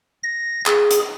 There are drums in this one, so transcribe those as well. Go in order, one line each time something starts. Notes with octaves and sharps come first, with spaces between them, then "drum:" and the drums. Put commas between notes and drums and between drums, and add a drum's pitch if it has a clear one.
A#6
G#4, drum: clap
drum: hi-hat